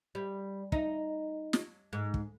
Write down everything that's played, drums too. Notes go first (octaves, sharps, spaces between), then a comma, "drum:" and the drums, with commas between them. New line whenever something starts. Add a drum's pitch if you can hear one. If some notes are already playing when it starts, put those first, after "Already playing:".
G3
D#4, drum: kick
drum: snare
G#2
drum: kick